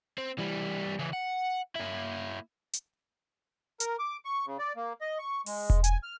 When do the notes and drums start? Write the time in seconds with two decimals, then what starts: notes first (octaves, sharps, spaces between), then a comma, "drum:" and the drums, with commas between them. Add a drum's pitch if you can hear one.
0.18 C4
0.38 E3 G3
0.99 C#3 E3
1.13 F#5
1.75 A#3 E4
2.73 drum: hi-hat
3.80 A#4, drum: hi-hat
3.99 D6
4.25 C#6
4.46 C#3
4.59 D5
4.76 A#3
5.01 D#5
5.19 C#6
5.46 G#3, drum: open hi-hat
5.70 drum: kick E1
5.84 G#5, drum: hi-hat
6.03 F6